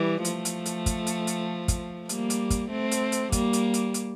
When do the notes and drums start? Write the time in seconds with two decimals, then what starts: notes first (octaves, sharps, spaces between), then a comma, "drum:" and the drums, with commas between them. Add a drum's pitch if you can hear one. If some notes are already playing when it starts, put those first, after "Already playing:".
Already playing: E3 G3
0.25 F3 A3, drum: hi-hat
0.45 drum: hi-hat
0.66 drum: hi-hat
0.86 drum: kick, hi-hat
1.07 drum: hi-hat
1.27 drum: hi-hat
1.68 drum: kick, hi-hat
2.09 G3 A#3, drum: hi-hat
2.30 drum: hi-hat
2.50 drum: kick, hi-hat
2.70 A3 C4
2.91 drum: hi-hat
3.12 drum: hi-hat
3.32 G3 A#3, drum: kick, hi-hat
3.53 drum: hi-hat
3.74 drum: hi-hat
3.94 drum: hi-hat